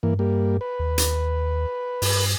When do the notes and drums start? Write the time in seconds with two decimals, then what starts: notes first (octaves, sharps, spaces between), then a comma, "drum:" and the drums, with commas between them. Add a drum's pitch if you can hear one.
0.03 G2 E3 A#3
0.19 G3 A#3
0.61 B4
0.79 D#2
0.98 drum: hi-hat
2.02 G2, drum: open hi-hat